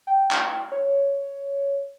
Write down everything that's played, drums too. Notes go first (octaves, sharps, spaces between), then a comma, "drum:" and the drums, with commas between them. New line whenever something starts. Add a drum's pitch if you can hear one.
G5
drum: clap
C#5